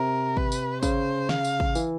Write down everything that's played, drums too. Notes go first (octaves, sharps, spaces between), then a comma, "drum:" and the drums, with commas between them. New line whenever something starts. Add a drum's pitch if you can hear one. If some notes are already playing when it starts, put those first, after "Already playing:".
Already playing: C3 A#4
B4, drum: kick
drum: tambourine
C#3 C5, drum: kick, tambourine
F5, drum: snare
drum: tambourine
drum: kick
E3, drum: tambourine